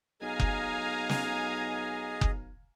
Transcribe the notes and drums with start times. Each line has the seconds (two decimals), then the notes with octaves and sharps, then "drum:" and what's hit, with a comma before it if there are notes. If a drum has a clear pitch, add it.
0.22 B1 G#4 D#5 F5 G#5 A#5
0.40 drum: kick F#1
1.09 drum: snare
2.21 drum: kick F#1